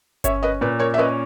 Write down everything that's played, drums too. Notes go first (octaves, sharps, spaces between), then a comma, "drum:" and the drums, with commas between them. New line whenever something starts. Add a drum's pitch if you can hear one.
C#4 C#5 E5, drum: kick G1, hi-hat
B4 D#5
A#2 B4
A#4 C#5
E5
C#4 B4 D#5